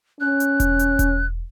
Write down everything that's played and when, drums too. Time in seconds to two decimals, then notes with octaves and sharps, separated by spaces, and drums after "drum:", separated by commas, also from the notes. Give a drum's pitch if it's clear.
0.20 C#4 F#6
0.40 drum: hi-hat
0.60 drum: kick E1, hi-hat
0.79 drum: hi-hat
0.99 drum: kick E1, hi-hat